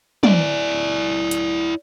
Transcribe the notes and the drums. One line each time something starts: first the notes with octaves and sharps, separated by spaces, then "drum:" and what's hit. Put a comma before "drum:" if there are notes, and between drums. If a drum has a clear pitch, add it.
E4 D5, drum: tom
drum: hi-hat